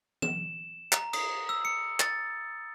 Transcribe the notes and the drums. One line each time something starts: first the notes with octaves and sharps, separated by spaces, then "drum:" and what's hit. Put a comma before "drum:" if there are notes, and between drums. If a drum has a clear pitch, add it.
E7, drum: tom
A#5, drum: clap
D#6, drum: cymbal
E6
C#7
A6, drum: clap